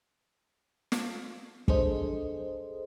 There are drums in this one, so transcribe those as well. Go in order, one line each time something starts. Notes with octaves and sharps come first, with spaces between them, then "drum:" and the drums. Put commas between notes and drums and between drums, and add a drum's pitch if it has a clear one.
drum: snare
D4 G#4 A4 C5 D#5, drum: kick